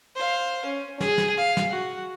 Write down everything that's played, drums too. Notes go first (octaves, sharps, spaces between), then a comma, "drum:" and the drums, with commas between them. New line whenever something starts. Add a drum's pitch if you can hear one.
C5 F5
C#4
G#4, drum: snare
drum: snare
F5
drum: snare
F#4